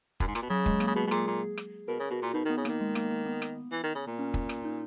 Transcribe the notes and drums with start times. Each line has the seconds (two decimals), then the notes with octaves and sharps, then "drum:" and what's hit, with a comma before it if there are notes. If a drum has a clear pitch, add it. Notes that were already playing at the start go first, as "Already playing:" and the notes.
0.20 F#2, drum: kick
0.28 G#2
0.35 A#2, drum: rim click
0.43 B2
0.50 C#3 F#3
0.66 G#3, drum: kick
0.80 A#3, drum: rim click
0.87 C#3
0.96 B2 G#4
1.07 B2
1.11 A#2 G#4, drum: rim click
1.27 A#2 G#4
1.57 drum: rim click
1.88 B2 A#4
2.00 C#3
2.11 B2 F#4
2.22 A#2
2.34 B2 D#4
2.45 D#3 B3
2.57 C#3
2.65 D#3 A#3, drum: rim click
2.81 G#3
2.95 A#3, drum: rim click
3.11 A#3
3.26 B3
3.42 drum: rim click
3.72 E3
3.84 D#3
3.95 C#3
4.07 A#2
4.19 C#4
4.34 drum: kick
4.49 drum: rim click
4.65 D#4